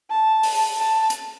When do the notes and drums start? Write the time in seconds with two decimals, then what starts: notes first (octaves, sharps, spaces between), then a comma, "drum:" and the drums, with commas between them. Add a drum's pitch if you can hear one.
0.10 A5
0.43 drum: open hi-hat
0.77 A5
1.10 drum: hi-hat